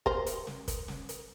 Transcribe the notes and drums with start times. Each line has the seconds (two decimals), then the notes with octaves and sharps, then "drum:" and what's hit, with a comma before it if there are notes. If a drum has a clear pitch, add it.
0.06 A#4 C5, drum: kick
0.26 drum: hi-hat
0.47 drum: snare
0.68 drum: kick, hi-hat
0.88 drum: snare
1.09 drum: hi-hat